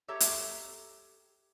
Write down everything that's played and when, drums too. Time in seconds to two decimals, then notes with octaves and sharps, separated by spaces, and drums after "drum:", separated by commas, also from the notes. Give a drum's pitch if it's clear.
0.08 G4 A4 C#5 E5 A#5
0.20 drum: hi-hat